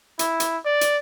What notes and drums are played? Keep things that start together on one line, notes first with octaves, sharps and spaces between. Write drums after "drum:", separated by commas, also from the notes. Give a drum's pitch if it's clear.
E4, drum: hi-hat
drum: hi-hat
D5
drum: hi-hat